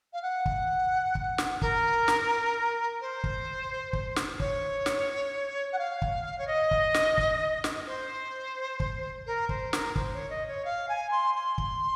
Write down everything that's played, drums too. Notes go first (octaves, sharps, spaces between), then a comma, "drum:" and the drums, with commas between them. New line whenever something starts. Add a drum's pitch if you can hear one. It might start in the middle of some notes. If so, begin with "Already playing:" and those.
F5
F#5
drum: kick
drum: kick
drum: snare
A#4, drum: kick
drum: snare
C5
drum: kick
drum: kick
drum: snare
C#5, drum: kick
drum: snare
F#5
F5
drum: kick
C#5
D#5
drum: kick
drum: snare
drum: kick
drum: snare
C5
drum: kick
A#4
C5, drum: kick
A#4, drum: snare
C5, drum: kick
C#5
D#5
C#5
F5
G#5
C6
C6
drum: kick